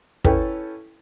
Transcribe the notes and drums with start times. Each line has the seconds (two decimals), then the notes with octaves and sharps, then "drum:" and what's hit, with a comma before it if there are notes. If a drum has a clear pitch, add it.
0.24 C#4 E4 A4 B4 G5, drum: kick